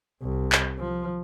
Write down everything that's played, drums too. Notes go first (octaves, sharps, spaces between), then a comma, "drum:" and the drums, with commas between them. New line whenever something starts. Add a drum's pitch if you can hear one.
C2
drum: clap
F3